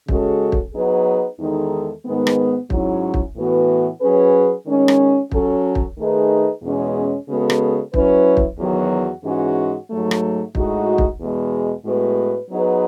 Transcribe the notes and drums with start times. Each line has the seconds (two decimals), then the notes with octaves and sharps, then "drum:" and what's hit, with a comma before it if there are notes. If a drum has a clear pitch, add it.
0.08 C#3 G#3 C#4 F#4 A4, drum: kick
0.52 drum: kick
0.74 F#3 B3 D#4 G#4 B4
1.39 E2 D#3 G#3 D#4 A4
2.05 G#2 D#3 G#3 B3
2.27 drum: rim click
2.70 G#2 F#3 C#4 E4, drum: kick
3.14 drum: kick
3.36 A2 E3 B3 F#4 B4
4.01 F#3 C#4 G#4 B4
4.67 D#3 G#3 C#4
4.88 drum: rim click
5.31 F#3 C#4 F#4 A4, drum: kick
5.75 drum: kick
5.97 D#3 A3 D#4 G#4 B4
6.62 E2 B2 G#3 C#4
7.28 C#3 G#3 B3 F#4 A4
7.50 drum: rim click
7.94 F#3 C#4 E4 B4, drum: kick
8.37 drum: kick
8.59 E2 D#3 F#3 B3 F#4
9.24 G#2 E3 G#3 C#4 F#4
9.89 G#2 F#3 A3
10.11 drum: rim click
10.55 A2 G#3 D#4 F#4, drum: kick
10.98 drum: kick
11.20 E2 B2 G#3
11.86 A2 G#3 B3 F#4 B4
12.51 F#3 B3 D#4 G#4 B4